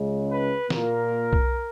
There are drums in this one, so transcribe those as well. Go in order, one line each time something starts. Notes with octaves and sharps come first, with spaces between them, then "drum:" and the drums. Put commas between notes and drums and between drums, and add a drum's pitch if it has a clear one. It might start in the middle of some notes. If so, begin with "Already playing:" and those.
Already playing: C#2 C#3 G#3
B4
A#2 A#3 A#4, drum: snare
drum: kick B1